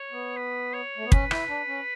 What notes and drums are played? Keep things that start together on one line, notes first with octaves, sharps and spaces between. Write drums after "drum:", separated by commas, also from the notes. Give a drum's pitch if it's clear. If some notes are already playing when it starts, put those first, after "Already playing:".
Already playing: C#5
B3
B4
C#5
A3
B3
C#4 B4, drum: kick
E4, drum: rim click
D4
C#4